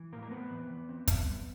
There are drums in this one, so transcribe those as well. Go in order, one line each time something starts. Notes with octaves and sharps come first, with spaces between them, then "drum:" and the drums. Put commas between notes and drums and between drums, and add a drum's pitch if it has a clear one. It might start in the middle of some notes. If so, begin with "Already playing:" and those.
Already playing: E3
A2 A#3 A#4
A#4
B3 C4 B4
E3
E3
C4
E3, drum: kick, hi-hat
G3